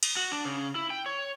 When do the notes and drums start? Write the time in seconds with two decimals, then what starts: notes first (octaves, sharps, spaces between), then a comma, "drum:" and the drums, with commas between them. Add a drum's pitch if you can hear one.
0.03 drum: cymbal
0.17 F#4
0.32 D4
0.45 C#3
0.75 E4
0.90 G5
1.06 C#5